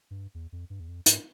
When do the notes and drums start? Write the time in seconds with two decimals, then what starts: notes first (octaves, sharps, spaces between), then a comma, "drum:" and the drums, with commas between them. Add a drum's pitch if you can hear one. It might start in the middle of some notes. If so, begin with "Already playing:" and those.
0.11 G2
0.35 E2
0.52 F2
0.70 G2
0.80 E2
0.88 F2
1.06 G#2, drum: hi-hat